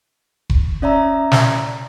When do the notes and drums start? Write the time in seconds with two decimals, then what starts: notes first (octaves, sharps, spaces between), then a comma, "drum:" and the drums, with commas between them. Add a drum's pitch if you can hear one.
0.50 drum: kick F1
0.82 C#4 D5 E5 A#5
1.32 drum: snare